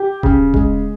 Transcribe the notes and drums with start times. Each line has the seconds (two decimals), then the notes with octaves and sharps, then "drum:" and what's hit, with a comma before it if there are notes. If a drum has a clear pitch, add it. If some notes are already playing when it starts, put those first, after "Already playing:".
Already playing: G4
0.23 C#3, drum: kick D#1
0.54 G#3, drum: kick D#1